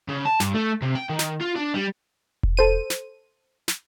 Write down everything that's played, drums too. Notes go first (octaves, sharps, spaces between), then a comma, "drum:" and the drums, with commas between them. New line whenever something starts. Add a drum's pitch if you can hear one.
C#3
A5
G2, drum: snare
A3
C3
G5
D#3
drum: snare
F4
D4
G3
drum: kick E1
A4 C5 D#7
drum: snare
drum: snare